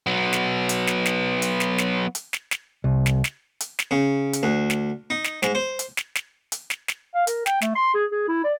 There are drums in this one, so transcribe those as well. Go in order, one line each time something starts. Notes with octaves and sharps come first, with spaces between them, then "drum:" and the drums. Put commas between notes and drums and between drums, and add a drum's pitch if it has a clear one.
F#3 B3
drum: snare
drum: hi-hat
drum: snare
drum: snare
drum: hi-hat
drum: snare
drum: snare
drum: hi-hat
drum: snare
drum: snare
C2
drum: snare
drum: snare
drum: hi-hat
drum: snare
C#3
drum: hi-hat
D2
drum: snare
D#4
drum: snare
G#2, drum: snare
C5
drum: hi-hat
drum: snare
drum: snare
drum: hi-hat
drum: snare
drum: snare
F5
A#4, drum: hi-hat
G5, drum: snare
A3, drum: snare
C6
G#4
G#4
E4
D5